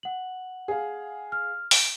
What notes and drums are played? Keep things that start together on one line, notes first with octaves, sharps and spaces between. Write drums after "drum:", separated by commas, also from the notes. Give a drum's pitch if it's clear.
F#5 F#7
G#4 F5
F6
D7, drum: open hi-hat